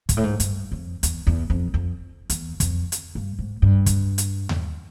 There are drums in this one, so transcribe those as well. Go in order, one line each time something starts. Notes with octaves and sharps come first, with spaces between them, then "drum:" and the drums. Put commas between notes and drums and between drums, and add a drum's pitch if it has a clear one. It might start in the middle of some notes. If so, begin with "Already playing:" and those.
G#2, drum: kick, hi-hat
A2
G#2
G2, drum: hi-hat
F2
E2, drum: hi-hat
E2
F2
F2
E2, drum: hi-hat
F2, drum: kick, hi-hat
drum: hi-hat
G2
G#2
G2
drum: kick, hi-hat
drum: hi-hat
drum: tom D#2